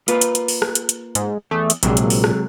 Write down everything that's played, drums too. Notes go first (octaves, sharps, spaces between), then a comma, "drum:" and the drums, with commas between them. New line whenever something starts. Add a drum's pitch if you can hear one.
A#3 F4 B4, drum: hi-hat
drum: hi-hat
drum: hi-hat
drum: open hi-hat
drum: rim click
drum: hi-hat
drum: hi-hat
G#2, drum: hi-hat
E2 A3
drum: hi-hat
A#1 C3 F#3 G#3, drum: hi-hat
drum: hi-hat
drum: open hi-hat
drum: rim click